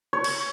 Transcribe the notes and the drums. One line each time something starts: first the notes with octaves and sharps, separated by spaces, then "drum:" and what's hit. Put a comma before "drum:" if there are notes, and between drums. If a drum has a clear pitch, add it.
C#5
drum: cymbal